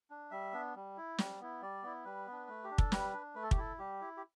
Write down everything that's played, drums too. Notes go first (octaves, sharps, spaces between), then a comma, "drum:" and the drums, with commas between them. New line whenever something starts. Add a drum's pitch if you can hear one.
D4
G3 E5
B3 D4
G3
E4
G3, drum: snare
B3 E4
G3 D5
B3 E4
G3 B4
B3 D4
A3
G4
D4
A4, drum: kick
G3 B4, drum: snare
D4
A3 B4
A4
G4, drum: kick
E4 A4
G3 G4
E4
G4